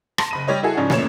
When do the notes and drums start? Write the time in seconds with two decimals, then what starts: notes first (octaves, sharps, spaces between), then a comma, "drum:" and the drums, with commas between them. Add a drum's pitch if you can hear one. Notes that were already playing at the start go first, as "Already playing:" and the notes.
0.18 A5 C6 A#6, drum: rim click
0.31 F#1 B5 D#7
0.48 G3 G4 C#5 D#5
0.63 E4 F#4 G#4 A4
0.77 G#2 C#3 F3 C#4 D4
0.90 A1 F#2 A#2 C#5 E7, drum: snare